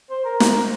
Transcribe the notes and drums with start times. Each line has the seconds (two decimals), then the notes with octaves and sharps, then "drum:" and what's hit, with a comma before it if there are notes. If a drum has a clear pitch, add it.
0.10 C5
0.25 A#4
0.40 A#4, drum: snare